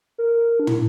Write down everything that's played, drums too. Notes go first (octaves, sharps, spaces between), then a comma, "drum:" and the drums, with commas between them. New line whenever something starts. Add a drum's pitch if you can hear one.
A#4
D4
E4, drum: tom